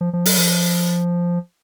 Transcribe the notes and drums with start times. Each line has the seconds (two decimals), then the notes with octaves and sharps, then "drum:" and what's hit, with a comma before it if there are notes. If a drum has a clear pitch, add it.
0.01 F3
0.13 F3
0.26 F#3, drum: open hi-hat
0.38 F3